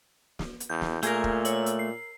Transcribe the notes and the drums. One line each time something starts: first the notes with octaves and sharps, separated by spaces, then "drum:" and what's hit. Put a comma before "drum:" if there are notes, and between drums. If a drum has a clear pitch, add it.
drum: snare
drum: hi-hat
E2 G6
drum: snare
A#2 A3 G#4 A#4 G6 G#6 A#6, drum: hi-hat
drum: kick
C#5 E6 F#7, drum: hi-hat
drum: hi-hat
C7